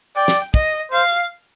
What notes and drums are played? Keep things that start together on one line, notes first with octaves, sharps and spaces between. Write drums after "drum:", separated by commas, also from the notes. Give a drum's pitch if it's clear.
D5 G5
drum: snare
D#5, drum: kick
C5 F5